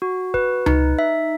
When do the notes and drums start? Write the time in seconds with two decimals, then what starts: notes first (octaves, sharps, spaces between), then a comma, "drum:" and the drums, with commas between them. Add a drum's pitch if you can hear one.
0.02 F#4
0.34 B4, drum: kick
0.66 D#4, drum: tom C#2
0.99 E5